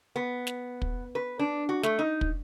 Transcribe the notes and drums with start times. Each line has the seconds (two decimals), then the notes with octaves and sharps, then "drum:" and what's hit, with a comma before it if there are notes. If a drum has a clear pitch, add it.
0.16 B3
0.47 drum: snare
0.82 drum: kick
1.15 B4
1.39 D4
1.69 F#4
1.83 A3, drum: snare
1.99 D#4
2.21 drum: kick